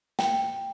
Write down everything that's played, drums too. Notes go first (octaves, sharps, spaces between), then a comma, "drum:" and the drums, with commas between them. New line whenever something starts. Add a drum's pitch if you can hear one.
G5, drum: snare